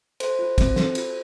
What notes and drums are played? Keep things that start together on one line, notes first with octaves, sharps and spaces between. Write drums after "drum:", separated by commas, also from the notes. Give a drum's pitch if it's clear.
A4 C5, drum: cymbal
F4
C4, drum: kick, cymbal
A4, drum: snare
F4, drum: cymbal